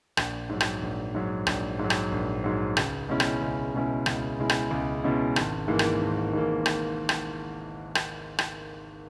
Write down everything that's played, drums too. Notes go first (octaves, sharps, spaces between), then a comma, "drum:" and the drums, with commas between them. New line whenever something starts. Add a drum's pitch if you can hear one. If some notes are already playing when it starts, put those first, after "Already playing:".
A#1, drum: rim click
G#2 F#3
drum: rim click
A#1
G#2 F#3
A#1, drum: rim click
G#2 F#3
drum: rim click
A#1
G#2 F#3
C#2, drum: rim click
B2 G#3 C#4 E4
drum: rim click
C#2
B2 G#3 C#4 E4
C#2, drum: rim click
B2 G#3 C#4 E4
drum: rim click
C#2
B2 G#3 C#4 E4
G#1, drum: rim click
G#2 E3 A#3
drum: rim click
G#1
G#2 E3 A#3
drum: rim click
drum: rim click
drum: rim click
drum: rim click